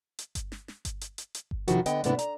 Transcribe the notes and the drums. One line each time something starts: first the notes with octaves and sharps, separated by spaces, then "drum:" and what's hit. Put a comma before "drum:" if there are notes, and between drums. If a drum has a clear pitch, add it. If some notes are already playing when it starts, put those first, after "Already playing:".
drum: hi-hat
drum: kick G1, hi-hat
drum: snare
drum: snare
drum: kick G1, hi-hat
drum: hi-hat
drum: hi-hat
drum: hi-hat
drum: kick G1
F2 C3 D#3 F3 E4 F#4, drum: hi-hat
D3 B3 D#5 G5, drum: hi-hat
G#2 C3 A3 B3 D4 E4, drum: hi-hat
A#5, drum: hi-hat